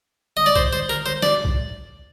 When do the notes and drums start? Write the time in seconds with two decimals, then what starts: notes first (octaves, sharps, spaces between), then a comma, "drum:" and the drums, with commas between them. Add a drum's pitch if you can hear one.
0.37 D#5
0.46 D5
0.56 C5, drum: kick B1
0.73 C5
0.89 A#4
1.06 C5
1.23 D5, drum: snare
1.45 drum: kick B1